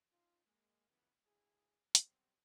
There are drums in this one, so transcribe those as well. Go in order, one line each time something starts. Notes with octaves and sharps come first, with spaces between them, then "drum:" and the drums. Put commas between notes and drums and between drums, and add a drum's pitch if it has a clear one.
C#4 D#4 F4
G#3 A#3
C#2 F#2 C#3 E3 B3
D2 E4 G#4
B2 F#3 G3 B3 C4, drum: hi-hat